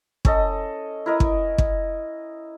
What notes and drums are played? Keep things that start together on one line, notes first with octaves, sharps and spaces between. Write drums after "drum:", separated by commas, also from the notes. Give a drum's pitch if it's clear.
C#4 A4 D#5, drum: kick
E4 A#4 D#5
drum: kick
drum: kick